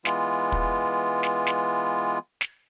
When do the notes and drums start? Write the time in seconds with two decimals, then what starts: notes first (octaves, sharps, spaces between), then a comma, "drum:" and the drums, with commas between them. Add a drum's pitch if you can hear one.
0.05 E3 G#3 B3 F4, drum: snare
0.52 drum: kick
1.23 drum: snare
1.47 drum: snare
2.41 drum: snare